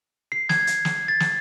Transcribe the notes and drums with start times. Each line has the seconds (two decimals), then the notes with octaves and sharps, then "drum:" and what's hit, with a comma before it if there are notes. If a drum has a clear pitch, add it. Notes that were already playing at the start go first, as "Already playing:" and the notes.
0.32 C7
0.49 G#6, drum: snare
0.67 drum: hi-hat
0.85 drum: snare
1.08 A6
1.20 drum: snare